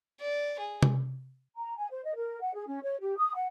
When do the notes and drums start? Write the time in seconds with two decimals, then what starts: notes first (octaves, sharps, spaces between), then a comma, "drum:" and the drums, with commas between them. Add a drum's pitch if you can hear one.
0.20 D5
0.59 G#4
0.83 drum: tom C3
1.56 A#5
1.77 G#5
1.91 C5
2.04 D#5
2.16 A#4
2.41 F#5
2.54 G#4
2.67 C#4
2.83 C#5
3.01 G4
3.17 D#6
3.34 F#5